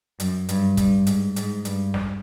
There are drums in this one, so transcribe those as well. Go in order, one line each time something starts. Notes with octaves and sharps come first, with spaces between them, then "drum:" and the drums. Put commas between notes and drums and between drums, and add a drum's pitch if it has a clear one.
F#2, drum: hi-hat
G2, drum: hi-hat
G2, drum: kick, hi-hat
G#2, drum: hi-hat
G#2, drum: hi-hat
G2, drum: hi-hat
drum: snare